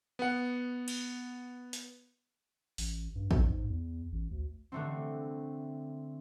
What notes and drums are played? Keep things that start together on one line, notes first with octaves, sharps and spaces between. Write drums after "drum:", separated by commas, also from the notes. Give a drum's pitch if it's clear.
B3 F#5
drum: cymbal
drum: hi-hat
A1, drum: open hi-hat
G2
F2, drum: kick A1
G#2
E2
A1
D2
D3 A3 C4